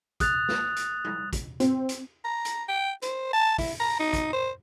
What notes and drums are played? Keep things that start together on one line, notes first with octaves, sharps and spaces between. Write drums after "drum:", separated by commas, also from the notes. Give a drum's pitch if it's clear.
D#6 F#6 A6 F7, drum: kick, hi-hat
drum: snare
drum: hi-hat
drum: tom
drum: kick, hi-hat
C4, drum: hi-hat
drum: hi-hat
A#5
drum: hi-hat
G5
C5, drum: hi-hat
A5
E4, drum: kick, open hi-hat
A#5
D#4
drum: kick, hi-hat
C5